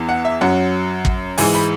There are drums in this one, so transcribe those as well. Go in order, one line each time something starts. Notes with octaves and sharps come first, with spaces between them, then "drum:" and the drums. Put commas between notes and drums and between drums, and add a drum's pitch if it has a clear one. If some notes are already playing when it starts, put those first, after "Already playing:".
Already playing: E2 E3
F#5
E5
F#2 F#3 F#5
drum: kick
G#2 E3 G#3 G#5, drum: open hi-hat
B5